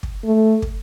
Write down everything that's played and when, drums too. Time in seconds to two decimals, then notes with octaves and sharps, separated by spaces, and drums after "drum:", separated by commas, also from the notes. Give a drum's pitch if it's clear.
0.03 drum: kick
0.25 A3
0.62 drum: kick